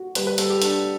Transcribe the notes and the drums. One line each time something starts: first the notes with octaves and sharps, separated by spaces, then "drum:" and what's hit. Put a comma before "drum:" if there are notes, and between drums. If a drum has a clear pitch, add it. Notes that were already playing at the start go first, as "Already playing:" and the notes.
Already playing: F#4
G3 B4, drum: hi-hat
B4
G3 A4, drum: hi-hat
G4
D4 A4, drum: hi-hat